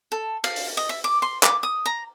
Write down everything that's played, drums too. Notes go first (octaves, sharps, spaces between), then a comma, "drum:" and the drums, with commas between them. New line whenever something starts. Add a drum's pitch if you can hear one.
A4
F5, drum: cymbal
drum: open hi-hat
D#5
E5
D6
C6
D6, drum: clap
D#6
A#5